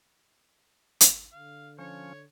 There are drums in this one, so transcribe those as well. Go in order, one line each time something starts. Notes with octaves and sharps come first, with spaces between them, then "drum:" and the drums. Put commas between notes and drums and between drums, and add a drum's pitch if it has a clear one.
drum: hi-hat
D3 F5
F3 C#4 C#5